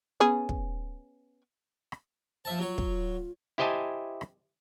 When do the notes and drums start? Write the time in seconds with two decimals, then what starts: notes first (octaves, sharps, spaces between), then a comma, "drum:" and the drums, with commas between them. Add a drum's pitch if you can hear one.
0.20 B3 C#4 G#4
0.49 drum: kick
1.92 drum: rim click
2.45 F3 C5 E5 A5
2.59 F#3 F4 C#5
2.78 drum: kick
3.58 E4 G4 C5 D#5 G#5 A5
4.21 drum: rim click